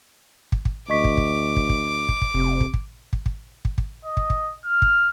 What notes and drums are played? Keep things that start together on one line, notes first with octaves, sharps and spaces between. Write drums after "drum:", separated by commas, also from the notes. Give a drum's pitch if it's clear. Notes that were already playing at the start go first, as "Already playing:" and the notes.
drum: kick
drum: kick
D2 D#5 C#6 D6 B6
drum: kick
drum: kick
drum: kick
drum: kick
drum: kick
drum: kick
F1 C3
drum: kick
drum: kick
drum: kick
drum: kick
drum: kick
drum: kick
D#5
drum: kick
drum: kick
F6
drum: kick